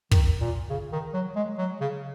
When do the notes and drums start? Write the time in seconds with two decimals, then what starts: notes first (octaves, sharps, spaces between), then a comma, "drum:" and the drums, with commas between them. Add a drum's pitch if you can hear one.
0.11 D#3, drum: kick
0.41 A#2
0.70 C#3
0.92 D#3
1.14 F#3
1.36 G#3
1.58 F#3
1.81 C#3